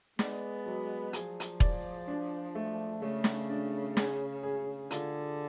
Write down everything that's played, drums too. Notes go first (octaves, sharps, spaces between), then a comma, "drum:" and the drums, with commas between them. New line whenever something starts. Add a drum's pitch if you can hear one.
G#3 B3 D5, drum: snare
F#3
F3 G#4, drum: hi-hat
drum: hi-hat
D5, drum: kick E1
D4
A3
C#3 A3
drum: snare
D4
G#4, drum: snare
G#4
D3 F4, drum: hi-hat